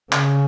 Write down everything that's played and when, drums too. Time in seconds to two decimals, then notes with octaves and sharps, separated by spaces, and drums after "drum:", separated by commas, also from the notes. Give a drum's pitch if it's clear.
0.12 C#3, drum: clap